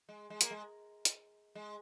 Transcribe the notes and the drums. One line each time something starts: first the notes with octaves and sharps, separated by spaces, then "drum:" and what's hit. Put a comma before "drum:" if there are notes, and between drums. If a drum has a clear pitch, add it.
G#3
G#3
A#3, drum: hi-hat
G#3
drum: hi-hat
G#3